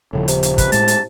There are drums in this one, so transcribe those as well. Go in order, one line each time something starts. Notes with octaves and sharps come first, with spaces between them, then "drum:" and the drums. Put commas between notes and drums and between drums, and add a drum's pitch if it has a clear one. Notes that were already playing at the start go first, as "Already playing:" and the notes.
D#1 A2 C#3 F3
C3, drum: hi-hat
drum: hi-hat
B4, drum: kick, hi-hat
A2 G#3 A5, drum: hi-hat
drum: hi-hat